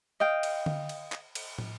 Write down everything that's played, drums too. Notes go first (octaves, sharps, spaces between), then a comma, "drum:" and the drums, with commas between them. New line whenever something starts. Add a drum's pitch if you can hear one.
D#5 F5 G5
drum: cymbal
drum: tom D3
drum: cymbal
drum: clap
drum: cymbal
drum: tom